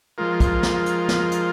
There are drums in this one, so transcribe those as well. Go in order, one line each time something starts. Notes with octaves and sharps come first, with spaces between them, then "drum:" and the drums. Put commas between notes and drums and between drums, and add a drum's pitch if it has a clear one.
F3 G#3 F4 A#4
drum: kick, hi-hat
drum: snare
drum: hi-hat
drum: snare
drum: hi-hat